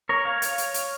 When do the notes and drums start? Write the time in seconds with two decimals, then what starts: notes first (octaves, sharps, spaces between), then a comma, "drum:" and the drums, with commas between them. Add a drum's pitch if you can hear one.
0.09 A#4 C#5
0.25 C#5 F5
0.42 drum: hi-hat
0.58 drum: hi-hat
0.74 drum: hi-hat